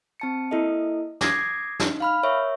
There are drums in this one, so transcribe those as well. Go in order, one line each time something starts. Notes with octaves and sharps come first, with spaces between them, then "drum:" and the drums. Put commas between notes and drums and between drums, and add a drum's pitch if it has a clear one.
C4 A5 C#7
A#3 E4 A4 D#5
D6 D#6 G#6 A#6 C7, drum: snare
D#4, drum: snare
F5 B5 F6
A#4 C#5 E5 C#6